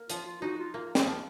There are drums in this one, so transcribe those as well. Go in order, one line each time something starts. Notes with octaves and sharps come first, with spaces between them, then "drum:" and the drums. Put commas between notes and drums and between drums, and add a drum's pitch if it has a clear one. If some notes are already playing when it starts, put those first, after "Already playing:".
Already playing: A#3
F3 F4, drum: hi-hat
F4
D#4 F#4
F4
A#3
drum: snare
F3